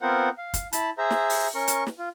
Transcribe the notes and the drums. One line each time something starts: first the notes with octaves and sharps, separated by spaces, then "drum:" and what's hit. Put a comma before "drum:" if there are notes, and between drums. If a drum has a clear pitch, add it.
B3 C4 F4 A#4 C5 F#5
F5
drum: kick, hi-hat
E4 A5 B5, drum: hi-hat
G#4 C5 E5 A#5
drum: snare
drum: open hi-hat
C#4 A#4 C#6
drum: hi-hat
drum: snare
F4